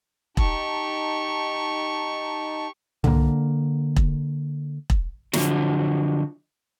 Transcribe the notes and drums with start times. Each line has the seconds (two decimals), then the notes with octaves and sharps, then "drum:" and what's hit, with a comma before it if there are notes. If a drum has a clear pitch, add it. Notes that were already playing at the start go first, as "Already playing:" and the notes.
0.37 D#4 G4 A5 C#6, drum: kick E1
3.04 D3 A#3, drum: tom C2
3.96 drum: kick E1
4.90 drum: kick E1
5.33 D3 F3 F#3, drum: snare